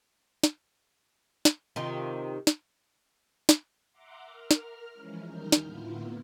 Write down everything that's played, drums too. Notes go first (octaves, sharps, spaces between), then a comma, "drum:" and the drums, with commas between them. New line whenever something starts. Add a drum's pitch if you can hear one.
drum: snare
drum: snare
C3 D#3 F4
drum: snare
drum: snare
E5 F#5 A#5 C6 D6
A#4 F6
drum: snare
E3 F3 G#3 C#4 E4
D#2 G3 D#4 A#4 F6 G6
drum: snare
A2 D3 A#3 B3 E4 F4